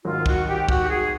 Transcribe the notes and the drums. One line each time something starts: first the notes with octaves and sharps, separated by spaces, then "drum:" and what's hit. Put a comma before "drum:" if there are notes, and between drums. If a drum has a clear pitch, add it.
G#1 G#2 D#3 F#3 F4
F#4, drum: kick
G4
F#4, drum: kick
G4
G#4